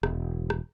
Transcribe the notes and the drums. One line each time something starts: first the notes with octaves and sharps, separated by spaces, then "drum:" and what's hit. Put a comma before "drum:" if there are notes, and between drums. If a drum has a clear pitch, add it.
E1, drum: rim click
drum: rim click